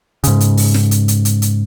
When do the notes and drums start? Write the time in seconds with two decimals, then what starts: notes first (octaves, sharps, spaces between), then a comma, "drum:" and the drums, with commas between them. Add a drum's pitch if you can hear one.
0.24 G#2 C#3, drum: hi-hat
0.40 drum: hi-hat
0.57 drum: open hi-hat
0.74 drum: snare
0.91 drum: hi-hat
1.08 drum: hi-hat
1.25 drum: hi-hat
1.42 drum: hi-hat